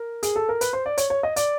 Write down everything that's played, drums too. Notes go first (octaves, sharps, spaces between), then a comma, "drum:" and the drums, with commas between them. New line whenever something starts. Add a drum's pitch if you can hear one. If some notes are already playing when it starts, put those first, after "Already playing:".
Already playing: A#4
G#4, drum: hi-hat
A4
A#4
B4, drum: hi-hat
C5
D5
C#5, drum: hi-hat
C#5
D#5
D5, drum: hi-hat